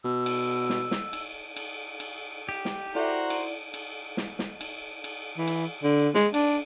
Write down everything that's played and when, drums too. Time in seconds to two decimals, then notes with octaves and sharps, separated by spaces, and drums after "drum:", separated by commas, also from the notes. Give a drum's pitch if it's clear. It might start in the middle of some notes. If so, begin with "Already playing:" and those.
0.04 B2 E6
0.26 drum: cymbal
0.70 drum: snare
0.91 drum: snare
1.13 drum: cymbal
1.56 drum: cymbal
2.00 drum: cymbal
2.49 G4
2.65 drum: snare
2.95 E4 F#4 A4 C5 D5 E5 F#5 A#5
3.30 drum: cymbal
3.74 drum: cymbal
4.17 drum: snare
4.39 drum: snare
4.61 drum: cymbal
5.04 drum: cymbal
5.38 E3
5.48 drum: cymbal
5.83 D3
6.14 G#3, drum: snare
6.34 D4, drum: cymbal